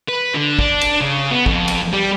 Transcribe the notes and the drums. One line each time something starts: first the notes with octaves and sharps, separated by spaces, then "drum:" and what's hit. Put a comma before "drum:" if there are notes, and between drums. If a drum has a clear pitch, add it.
B4
D3
D4, drum: kick
drum: cymbal
C#3
B3
F2, drum: kick
drum: cymbal
G3